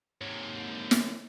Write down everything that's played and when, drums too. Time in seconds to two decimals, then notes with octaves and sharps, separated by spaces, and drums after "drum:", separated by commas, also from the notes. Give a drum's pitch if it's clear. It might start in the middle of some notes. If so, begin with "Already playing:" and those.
0.22 G#2 C3 A#3 C#5
0.91 drum: snare